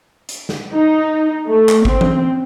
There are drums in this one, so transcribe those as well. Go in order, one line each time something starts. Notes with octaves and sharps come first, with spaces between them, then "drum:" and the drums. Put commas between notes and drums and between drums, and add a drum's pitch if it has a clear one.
drum: hi-hat
drum: snare
D#4
A3
drum: clap
C4, drum: kick G#1
drum: tom E3